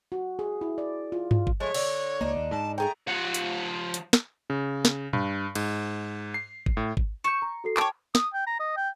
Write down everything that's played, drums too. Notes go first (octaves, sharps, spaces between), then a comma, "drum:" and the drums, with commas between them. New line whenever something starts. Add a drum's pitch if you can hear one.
F#4
G#4
E4
D5
F4
F4, drum: tom G2
drum: kick
F3 G#3 A3 C#5
D3, drum: cymbal
C#2 A#3 D4 D#4
D#2
G#2 A5
A3 G#4 G5 A#5
F3 F#5
drum: hi-hat
drum: hi-hat
drum: snare
C#3
drum: snare
G2, drum: tom
G#2, drum: cymbal
C7
drum: kick
A2
drum: kick
C#6 G6 C#7 E7
A#5
F#4 A4 C7
C#5 G5 A5 D6, drum: clap
D#6, drum: snare
G5
A#5
D#5
G5